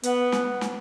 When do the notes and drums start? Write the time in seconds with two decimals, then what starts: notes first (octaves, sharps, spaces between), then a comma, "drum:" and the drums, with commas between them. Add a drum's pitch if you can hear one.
0.03 B3, drum: hi-hat
0.32 drum: snare
0.61 drum: snare